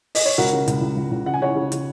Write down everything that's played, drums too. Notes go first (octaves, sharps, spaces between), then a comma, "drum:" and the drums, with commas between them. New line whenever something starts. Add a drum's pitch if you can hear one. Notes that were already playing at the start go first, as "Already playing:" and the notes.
D#5, drum: open hi-hat
C#5
C#2 F#4 A#4
C#3
C#2, drum: hi-hat
C#2
C#2
C#2
C#3 F#5
G#5
C#3 C#5 F#5
C#3
C#3, drum: hi-hat